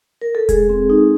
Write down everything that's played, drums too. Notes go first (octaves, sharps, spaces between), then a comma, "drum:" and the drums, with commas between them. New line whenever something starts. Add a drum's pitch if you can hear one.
A#4
A4
G#3 G#4, drum: kick E1, hi-hat
C4
D#4